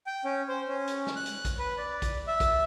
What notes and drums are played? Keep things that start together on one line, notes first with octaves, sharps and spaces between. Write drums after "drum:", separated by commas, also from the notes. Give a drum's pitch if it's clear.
G5
C#4
C5
C#4
drum: hi-hat
drum: snare
F#6
drum: hi-hat
drum: kick A#1, hi-hat
B4
D5
drum: kick A#1, hi-hat
E5
drum: kick A#1, hi-hat